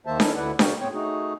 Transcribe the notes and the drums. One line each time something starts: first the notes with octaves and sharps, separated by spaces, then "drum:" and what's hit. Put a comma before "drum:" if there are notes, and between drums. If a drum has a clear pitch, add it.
D#2 D#3 A#3 C5 E5 A5
C#4 D#4 E4 A4 A#4, drum: snare D4
D2 D3 E4 B4 D5 F#5
C#3 F#4 A#4 G5, drum: snare D4
A2 B3 C4 C#5 G5
A3 D#4 F#4 G#4